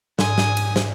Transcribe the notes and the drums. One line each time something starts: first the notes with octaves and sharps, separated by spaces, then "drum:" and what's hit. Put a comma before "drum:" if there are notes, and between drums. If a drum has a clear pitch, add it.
G#2 G#5 D#6, drum: snare
drum: snare
drum: cymbal
drum: snare